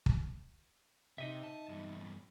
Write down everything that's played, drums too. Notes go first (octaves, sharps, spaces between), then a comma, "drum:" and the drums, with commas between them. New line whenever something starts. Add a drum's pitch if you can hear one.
drum: kick
C3 D#4 D#5 E5
A5
E2 G2